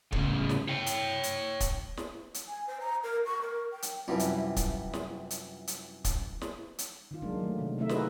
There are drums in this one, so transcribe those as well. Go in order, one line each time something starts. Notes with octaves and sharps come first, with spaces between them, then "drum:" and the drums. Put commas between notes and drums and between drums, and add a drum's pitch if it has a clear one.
A2 C#3, drum: kick
drum: snare
C#5 G5
drum: hi-hat
drum: hi-hat
drum: kick, hi-hat
drum: snare
drum: hi-hat
G#5
C5
A#5
A#4
C#6
A#4
G5
drum: hi-hat
F#2 C3 E3 F3 G3
drum: hi-hat
drum: kick, hi-hat
drum: snare
drum: hi-hat
drum: hi-hat
drum: kick, hi-hat
drum: snare
drum: hi-hat
D#3 F4
E3 F#3 G#3 A#3 D4
F#3 A3
C3 D#3
D#3 A3 C4 D#4 E4 E5
F4 F#4 G#4 A#4 B4 D#5, drum: snare